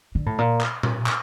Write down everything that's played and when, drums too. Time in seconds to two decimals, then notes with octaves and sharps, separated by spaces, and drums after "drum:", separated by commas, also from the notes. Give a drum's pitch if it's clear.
0.15 D3
0.26 A2
0.38 A#2
0.61 drum: clap
0.83 drum: tom A#2
1.06 drum: clap